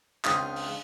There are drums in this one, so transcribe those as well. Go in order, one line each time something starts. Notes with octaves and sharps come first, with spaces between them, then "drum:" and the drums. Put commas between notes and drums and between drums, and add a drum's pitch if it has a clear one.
C#2 C4 D4 F4 D#6, drum: clap
drum: open hi-hat